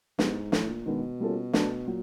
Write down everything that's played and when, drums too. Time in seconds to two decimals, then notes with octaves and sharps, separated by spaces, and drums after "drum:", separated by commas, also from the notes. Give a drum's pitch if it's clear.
0.19 G#2 G#3 B3 E4 G4 B4, drum: snare
0.52 A2 E3 A3 D4, drum: snare
0.69 A#2
0.86 B2 D#3 G#3 B3 D4
1.20 G3 A#3 C#4 F4 A4
1.53 A3 D4 F#4 B4, drum: snare
1.88 A#2 F#3